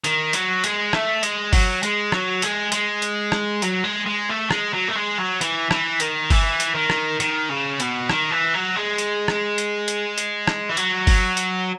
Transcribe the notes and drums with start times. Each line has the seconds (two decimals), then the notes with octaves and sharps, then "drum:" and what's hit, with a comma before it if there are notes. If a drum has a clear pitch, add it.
0.04 D#3, drum: hi-hat
0.33 F#3, drum: hi-hat
0.64 G#3, drum: hi-hat
0.93 A3, drum: rim click
1.23 G#3, drum: hi-hat
1.53 F#3, drum: kick G1, open hi-hat
1.83 G#3, drum: hi-hat
2.12 F#3, drum: rim click
2.42 G#3, drum: hi-hat
2.72 G#3, drum: hi-hat
3.02 drum: hi-hat
3.32 drum: rim click
3.62 F#3, drum: hi-hat
3.84 G#3
4.06 G#3
4.29 A3
4.51 G#3, drum: rim click
4.74 F#3
4.89 A3
4.96 G#3
5.18 F#3
5.41 E3, drum: hi-hat
5.71 E3, drum: rim click
6.00 D#3, drum: hi-hat
6.30 E3, drum: kick G1, open hi-hat
6.60 drum: hi-hat
6.75 D#3
6.90 drum: rim click
7.20 D#3, drum: hi-hat
7.49 C#3
7.80 B2, drum: hi-hat
8.09 D#3, drum: rim click
8.31 E3
8.54 F#3
8.76 G#3
8.98 drum: hi-hat
9.28 drum: rim click
9.58 drum: hi-hat
9.88 drum: hi-hat
10.18 drum: hi-hat
10.47 drum: rim click
10.70 E3
10.77 F#3, drum: hi-hat
11.07 drum: kick G1, open hi-hat
11.37 drum: hi-hat